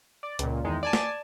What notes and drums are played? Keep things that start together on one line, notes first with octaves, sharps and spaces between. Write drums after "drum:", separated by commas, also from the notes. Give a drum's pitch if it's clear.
D5
C#2 A#2, drum: hi-hat
E2 D#3 G#3 D#4
D5 G#5 A5
drum: snare